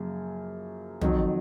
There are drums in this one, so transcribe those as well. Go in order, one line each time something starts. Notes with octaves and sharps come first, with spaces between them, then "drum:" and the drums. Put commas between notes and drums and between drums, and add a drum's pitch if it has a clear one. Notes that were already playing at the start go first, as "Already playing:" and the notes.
Already playing: F#2 C#3 F3 A#3
F2 D#3 F#3, drum: tom